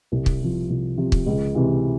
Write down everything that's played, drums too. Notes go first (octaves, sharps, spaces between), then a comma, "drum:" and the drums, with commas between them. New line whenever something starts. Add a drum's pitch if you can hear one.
C2
drum: kick
C3 F3
C2
C3 F3
drum: kick
C#2
C3 E3